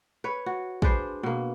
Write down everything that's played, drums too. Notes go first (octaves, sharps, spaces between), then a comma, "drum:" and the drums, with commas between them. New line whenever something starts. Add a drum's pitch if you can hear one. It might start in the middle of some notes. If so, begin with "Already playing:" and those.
B4 C#5
F#4
G#3 D4 B4 C5, drum: kick
B2 A#3